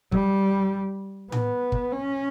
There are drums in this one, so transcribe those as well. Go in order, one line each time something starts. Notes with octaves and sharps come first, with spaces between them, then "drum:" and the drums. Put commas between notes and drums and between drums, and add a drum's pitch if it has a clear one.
G3, drum: kick
B3, drum: tom A2
drum: kick
C#4